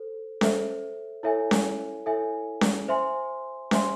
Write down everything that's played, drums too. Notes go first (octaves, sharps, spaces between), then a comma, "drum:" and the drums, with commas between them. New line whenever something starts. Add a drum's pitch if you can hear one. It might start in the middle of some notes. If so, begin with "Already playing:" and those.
Already playing: A4 C5
A4 C5 E5, drum: snare C#4
E4 A4 C#5 E5 G#5
drum: snare C#4
E4 A4 C#5 E5 G#5
drum: snare C#4
C5 E5 G#5 C6
C5 E5 G#5 C6, drum: snare C#4